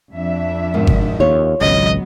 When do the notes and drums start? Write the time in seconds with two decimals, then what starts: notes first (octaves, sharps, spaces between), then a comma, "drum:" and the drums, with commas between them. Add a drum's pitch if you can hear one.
0.13 F2 D4 E5
0.74 G#2 B2 D#3
0.87 drum: kick G1
1.20 D#2 F4 C#5
1.61 G#1 C#2 F#3 B3 D#5